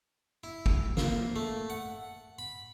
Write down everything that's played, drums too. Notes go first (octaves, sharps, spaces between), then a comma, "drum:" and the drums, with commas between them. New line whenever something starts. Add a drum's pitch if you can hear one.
E4
drum: kick
A#3, drum: snare
A3
F#5
B5